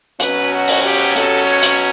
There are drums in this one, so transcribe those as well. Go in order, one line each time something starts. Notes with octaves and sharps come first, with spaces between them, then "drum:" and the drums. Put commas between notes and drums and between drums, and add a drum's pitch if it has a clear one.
B2 F#3 C#4 B4, drum: hi-hat
F#4
drum: open hi-hat
G4
A4, drum: hi-hat
C#5
drum: hi-hat